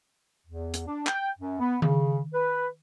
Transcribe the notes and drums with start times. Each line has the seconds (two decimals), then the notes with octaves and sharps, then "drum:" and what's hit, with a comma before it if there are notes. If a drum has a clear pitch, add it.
0.47 E2
0.74 drum: hi-hat
0.87 D4
1.07 G5, drum: clap
1.38 F#2
1.59 B3
1.82 C#3, drum: tom D#3
2.34 B4